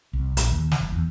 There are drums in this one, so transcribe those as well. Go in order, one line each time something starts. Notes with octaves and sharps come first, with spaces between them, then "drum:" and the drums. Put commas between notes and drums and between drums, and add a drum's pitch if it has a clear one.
C2
A#1, drum: hi-hat
D#2
drum: snare
F#1
E2